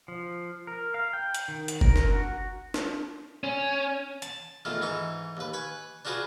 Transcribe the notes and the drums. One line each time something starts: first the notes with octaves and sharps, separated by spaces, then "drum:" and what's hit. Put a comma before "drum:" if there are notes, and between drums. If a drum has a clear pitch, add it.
F3
A#4
F5
G5
drum: hi-hat
D#3
drum: hi-hat
A#4, drum: kick F#1
drum: snare
F#4
drum: snare
C#4
A5, drum: hi-hat
E2 D#3 A3 F4
G#2 E3 D#4 C#6
D#2 B4
B4 G#5 B5 C#6
D4 F4 F#4 G#4 B4